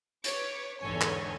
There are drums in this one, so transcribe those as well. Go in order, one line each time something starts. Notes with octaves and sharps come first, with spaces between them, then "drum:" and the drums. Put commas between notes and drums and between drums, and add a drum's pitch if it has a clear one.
B4 C#5 D6, drum: hi-hat
E2 G#2 D3 A4 C#5 G#5
drum: clap